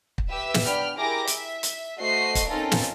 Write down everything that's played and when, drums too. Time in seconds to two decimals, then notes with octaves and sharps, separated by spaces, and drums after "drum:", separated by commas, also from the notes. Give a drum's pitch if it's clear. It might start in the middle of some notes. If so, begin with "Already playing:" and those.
0.18 drum: kick
0.29 G4 B4 E5 E6
0.54 drum: snare
0.65 B3 D4 G5 B5 F6
0.96 E4 G4 G#4 A#4 D6 A#6
1.27 E5, drum: hi-hat
1.63 drum: hi-hat
1.99 A3 F#4 C5 D#5 C7
2.35 drum: kick, hi-hat
2.47 C4 C#4 D#4 F4 A4 A#4
2.71 drum: snare